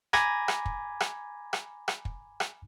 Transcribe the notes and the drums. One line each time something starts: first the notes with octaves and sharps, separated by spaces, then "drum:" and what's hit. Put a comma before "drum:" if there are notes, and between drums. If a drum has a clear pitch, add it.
G#5 A#5 B5 D6 G#6 A#6, drum: rim click
drum: rim click
drum: kick
drum: rim click
drum: rim click
drum: rim click
drum: kick
drum: rim click